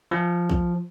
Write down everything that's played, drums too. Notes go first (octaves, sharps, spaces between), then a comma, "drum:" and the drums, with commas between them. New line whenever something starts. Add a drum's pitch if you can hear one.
F3
drum: kick A#1